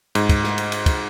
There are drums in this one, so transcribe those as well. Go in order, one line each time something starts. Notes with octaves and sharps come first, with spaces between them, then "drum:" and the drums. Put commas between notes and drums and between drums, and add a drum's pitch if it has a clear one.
G#2, drum: cymbal
drum: kick, cymbal
drum: snare
drum: cymbal
drum: cymbal
drum: kick, cymbal